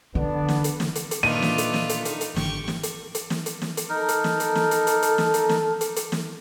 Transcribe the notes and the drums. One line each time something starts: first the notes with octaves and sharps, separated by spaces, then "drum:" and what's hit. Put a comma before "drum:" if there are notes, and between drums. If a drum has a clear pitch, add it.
D3 B3 D4
drum: snare
drum: hi-hat
drum: snare
drum: hi-hat
drum: hi-hat
A#2 D#3 A3 D4 F4 B4 D#7
drum: snare
drum: hi-hat
drum: snare
drum: hi-hat
D#4, drum: hi-hat
drum: hi-hat
G#1 D3 G4 C#6, drum: snare
drum: snare
drum: hi-hat
drum: hi-hat
drum: snare
drum: hi-hat
drum: snare
drum: hi-hat
D#4 A4 A#4
drum: hi-hat
drum: snare
drum: hi-hat
drum: snare
drum: hi-hat
drum: hi-hat
drum: hi-hat
drum: snare
drum: hi-hat
drum: snare
drum: hi-hat
drum: hi-hat
drum: snare